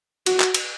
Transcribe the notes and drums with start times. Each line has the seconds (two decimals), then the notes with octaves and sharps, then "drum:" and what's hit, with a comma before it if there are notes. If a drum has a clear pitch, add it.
0.26 F#4, drum: cymbal
0.40 drum: clap
0.54 drum: cymbal